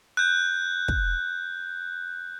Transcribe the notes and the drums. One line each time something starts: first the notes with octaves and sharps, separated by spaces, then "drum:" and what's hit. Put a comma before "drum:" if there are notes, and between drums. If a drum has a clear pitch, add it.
F#6 G6
drum: kick